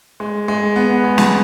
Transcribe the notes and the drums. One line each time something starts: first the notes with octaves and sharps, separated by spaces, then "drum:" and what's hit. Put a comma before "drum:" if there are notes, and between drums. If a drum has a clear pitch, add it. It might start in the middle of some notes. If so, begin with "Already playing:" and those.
G#3
G#3
B3
G#3
drum: snare